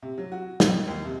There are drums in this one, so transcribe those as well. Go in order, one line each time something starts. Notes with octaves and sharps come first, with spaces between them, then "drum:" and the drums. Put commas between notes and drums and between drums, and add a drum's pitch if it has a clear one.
C3
F#3
F#4
B2, drum: snare
D#2
C3